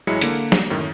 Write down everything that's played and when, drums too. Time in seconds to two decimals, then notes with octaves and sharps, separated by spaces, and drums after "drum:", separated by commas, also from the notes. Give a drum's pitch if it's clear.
0.07 A1 F#3 G#3 E4 C#7
0.22 D3 A#3, drum: hi-hat
0.52 drum: snare
0.70 F#2 A2 D#3